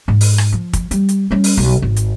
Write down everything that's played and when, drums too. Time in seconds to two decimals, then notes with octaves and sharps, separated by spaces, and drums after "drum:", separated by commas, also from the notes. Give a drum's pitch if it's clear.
0.08 G#2
0.21 drum: open hi-hat
0.38 drum: rim click
0.53 F3
0.73 drum: kick, hi-hat
0.91 G3, drum: hi-hat
1.09 drum: hi-hat
1.31 G3 C#4
1.44 drum: open hi-hat
1.57 B1
1.82 G#1
1.96 drum: hi-hat